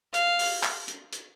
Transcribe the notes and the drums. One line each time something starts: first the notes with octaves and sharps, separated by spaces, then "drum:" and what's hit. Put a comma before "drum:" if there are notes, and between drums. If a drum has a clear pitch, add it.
F5, drum: hi-hat
drum: open hi-hat
drum: clap
drum: hi-hat
drum: hi-hat